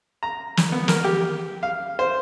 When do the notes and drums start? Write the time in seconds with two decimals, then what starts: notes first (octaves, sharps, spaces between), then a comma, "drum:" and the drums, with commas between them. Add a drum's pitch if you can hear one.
0.23 A#5
0.57 drum: snare
0.72 B3
0.88 A#4, drum: snare
1.04 G4
1.63 F5
1.99 C5